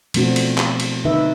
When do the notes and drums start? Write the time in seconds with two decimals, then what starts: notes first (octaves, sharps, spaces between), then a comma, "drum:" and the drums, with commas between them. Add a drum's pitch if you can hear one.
0.14 B2 F3 A3 C4 D4 F#4, drum: cymbal
0.36 drum: cymbal
0.58 drum: clap
0.80 drum: cymbal
1.05 D3 D#4 B4 E5